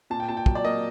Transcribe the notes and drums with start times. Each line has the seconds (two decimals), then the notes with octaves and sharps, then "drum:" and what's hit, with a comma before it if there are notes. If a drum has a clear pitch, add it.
0.10 A#2 A5
0.20 G5
0.28 A#2 A5
0.37 G5
0.46 F#3, drum: kick
0.55 D5
0.65 A#3 D#5